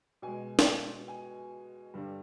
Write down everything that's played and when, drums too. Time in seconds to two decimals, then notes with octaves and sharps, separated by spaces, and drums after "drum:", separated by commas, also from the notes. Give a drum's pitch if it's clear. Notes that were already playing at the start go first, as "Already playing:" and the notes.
0.22 B2 G#3 G#5
0.59 drum: snare
1.08 G#5
1.94 G2 D3 G3